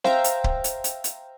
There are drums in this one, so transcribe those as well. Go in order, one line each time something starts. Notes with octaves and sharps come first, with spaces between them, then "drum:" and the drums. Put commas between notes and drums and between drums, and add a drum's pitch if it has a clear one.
C5 E5 F5 G5 A#5, drum: snare C4
drum: hi-hat
drum: kick C#1
drum: hi-hat
drum: hi-hat
drum: hi-hat